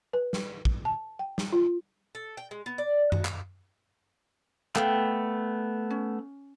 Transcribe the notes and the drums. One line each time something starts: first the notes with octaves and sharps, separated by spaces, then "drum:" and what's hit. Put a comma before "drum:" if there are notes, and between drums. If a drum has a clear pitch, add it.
B4
drum: snare
drum: kick
A5
G5
drum: snare
F4
A4
G5
G#3
B3
D5
F#4, drum: tom F#2
A#5, drum: clap
A3 B3 A4 F5 G5, drum: clap
C#4